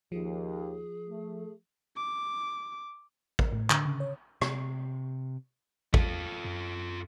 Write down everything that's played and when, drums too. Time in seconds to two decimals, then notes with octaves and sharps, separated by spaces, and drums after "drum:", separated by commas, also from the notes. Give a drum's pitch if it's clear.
0.12 D#2 F3 G#4
1.08 A3
1.96 D6
3.39 A#4, drum: kick
3.53 A2
3.70 D3, drum: clap
3.85 C#3
4.00 C#5
4.41 C3, drum: rim click
5.94 E2 F4 A4, drum: kick
6.44 F#2